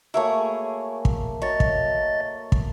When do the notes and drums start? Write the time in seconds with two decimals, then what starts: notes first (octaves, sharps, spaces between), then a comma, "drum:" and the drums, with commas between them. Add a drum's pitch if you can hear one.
0.14 A3 A#3 E4 F#4 G#4 C#5
1.05 drum: kick
1.42 F#3 C#5 D#5 A6
1.60 drum: kick
2.52 drum: kick